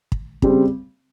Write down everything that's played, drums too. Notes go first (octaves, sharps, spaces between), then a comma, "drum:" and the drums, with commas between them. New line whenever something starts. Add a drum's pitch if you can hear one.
drum: kick
C#3 G3 C4, drum: kick